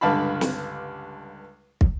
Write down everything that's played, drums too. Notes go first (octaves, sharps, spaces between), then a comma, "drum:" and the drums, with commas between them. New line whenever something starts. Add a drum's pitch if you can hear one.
C#2 G2 D3 F5 A5 B5
drum: snare
drum: kick